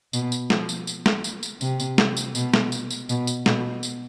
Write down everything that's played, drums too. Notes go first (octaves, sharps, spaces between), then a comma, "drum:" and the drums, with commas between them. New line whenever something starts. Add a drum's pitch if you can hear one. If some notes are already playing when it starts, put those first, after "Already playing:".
B2, drum: tambourine
drum: tambourine
F3, drum: snare
drum: tambourine
drum: tambourine
drum: snare
drum: tambourine
drum: tambourine
C3, drum: tambourine
drum: tambourine
drum: snare
drum: tambourine
B2, drum: tambourine
drum: snare
drum: tambourine
drum: tambourine
B2, drum: tambourine
drum: tambourine
B2, drum: snare
drum: tambourine